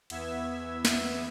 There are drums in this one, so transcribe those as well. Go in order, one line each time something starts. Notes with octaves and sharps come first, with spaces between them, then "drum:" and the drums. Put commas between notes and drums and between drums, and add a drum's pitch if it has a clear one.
E2 B3 E5 E6 G#6, drum: cymbal
drum: snare